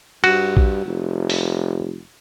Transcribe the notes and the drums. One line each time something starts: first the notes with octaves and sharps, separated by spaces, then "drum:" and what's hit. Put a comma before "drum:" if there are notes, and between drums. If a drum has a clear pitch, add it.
G2 F#4, drum: cymbal
drum: kick A#1
F1
drum: open hi-hat